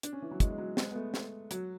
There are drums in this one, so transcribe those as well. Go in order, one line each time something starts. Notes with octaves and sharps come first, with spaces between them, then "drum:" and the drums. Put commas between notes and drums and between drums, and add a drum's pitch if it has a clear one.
D4, drum: hi-hat
C#4
E3
F#3
G#3, drum: kick, hi-hat
G#3
F#3
G#3, drum: snare
B3
A3
drum: snare
F#3, drum: hi-hat